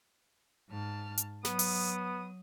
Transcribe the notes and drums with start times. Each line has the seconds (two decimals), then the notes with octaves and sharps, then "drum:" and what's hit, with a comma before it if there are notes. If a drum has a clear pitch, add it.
0.69 G#2 A5 F6
1.18 drum: hi-hat
1.45 F#3 B3 D#6, drum: snare
1.59 drum: open hi-hat